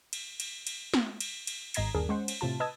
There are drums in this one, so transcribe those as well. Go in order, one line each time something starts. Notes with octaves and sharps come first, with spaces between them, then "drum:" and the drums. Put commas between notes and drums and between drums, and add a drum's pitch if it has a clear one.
drum: cymbal
drum: cymbal
drum: cymbal
drum: snare
drum: cymbal
drum: cymbal
G#1 G#2 D#5 A#5 G#6 C7, drum: cymbal
G1 D#2 D4 G#4 A#4
G#3 C#4 C5 F#5
drum: cymbal
A2 C3 F4 A5
B4 D#5 A5 D#6 E6 G#6